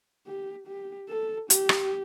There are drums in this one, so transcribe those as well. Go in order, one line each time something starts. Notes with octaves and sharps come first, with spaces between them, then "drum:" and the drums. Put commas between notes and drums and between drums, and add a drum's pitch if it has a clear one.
G4
G4
A4
G4, drum: hi-hat
drum: rim click